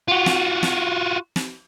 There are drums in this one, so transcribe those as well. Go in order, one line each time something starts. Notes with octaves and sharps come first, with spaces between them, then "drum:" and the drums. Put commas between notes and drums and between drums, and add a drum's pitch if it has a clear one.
F4 F#4
drum: snare
drum: snare
drum: snare